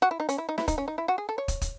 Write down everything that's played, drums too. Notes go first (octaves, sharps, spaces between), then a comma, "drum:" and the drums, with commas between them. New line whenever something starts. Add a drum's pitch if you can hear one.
F#4
E4
D#4
C#4, drum: hi-hat
E4
D#4
E4, drum: snare
D#4, drum: kick, hi-hat
C#4
D#4
E4
F#4
G#4
A4
C#5
drum: kick, hi-hat
drum: kick, hi-hat